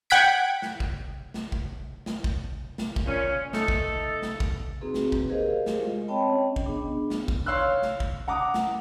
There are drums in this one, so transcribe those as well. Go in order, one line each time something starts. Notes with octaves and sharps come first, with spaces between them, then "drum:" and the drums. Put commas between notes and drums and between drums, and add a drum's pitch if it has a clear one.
F#5 G5 F#6 G#6 B6 D7
drum: snare
drum: kick
drum: snare
drum: kick
drum: snare
drum: kick
drum: snare
drum: kick
A#2 C#4
A3 D#4 A4, drum: snare
drum: kick
drum: snare
drum: kick
A#3 C4 D#4 F#4 G#4 B4
drum: snare
drum: kick
G4 G#4 A#4 C5 D#5 F5
drum: snare
G#3 F4
C4 C#5 D#5 G5 A5 B5
C#4 D#5
drum: kick
B3 D4 G#4
drum: snare
drum: kick
C#5 F5 C6 E6 F#6
drum: snare
drum: kick
F#5 A#5 D6 D#6
drum: snare